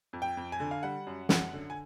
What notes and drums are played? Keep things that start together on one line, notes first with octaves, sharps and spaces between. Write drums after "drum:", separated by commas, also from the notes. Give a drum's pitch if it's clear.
F2
G5
F2
G#5
D3
F5
G3 F#5
F#2
F#2 F#5, drum: snare
D3
G#5